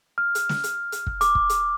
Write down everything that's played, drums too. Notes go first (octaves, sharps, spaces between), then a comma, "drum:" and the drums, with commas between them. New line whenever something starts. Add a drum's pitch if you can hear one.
F6
drum: hi-hat
drum: snare
drum: hi-hat
drum: hi-hat
drum: kick
D6, drum: hi-hat
drum: kick
drum: hi-hat